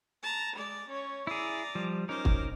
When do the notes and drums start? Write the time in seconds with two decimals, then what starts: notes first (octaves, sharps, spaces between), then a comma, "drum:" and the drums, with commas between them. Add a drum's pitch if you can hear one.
0.23 A5 A#5
0.56 G#3 D5
0.88 C#4 C#5
1.27 E4 G#4 D5 A#5
1.75 F3 G3
2.09 C#4 D#4 A#4 C5 D6
2.25 drum: kick